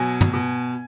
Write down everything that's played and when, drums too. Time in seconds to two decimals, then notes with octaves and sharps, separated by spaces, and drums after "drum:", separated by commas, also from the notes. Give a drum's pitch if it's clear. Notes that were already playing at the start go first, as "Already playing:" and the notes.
Already playing: B2 F#3 G#5
0.21 drum: tom
0.33 B2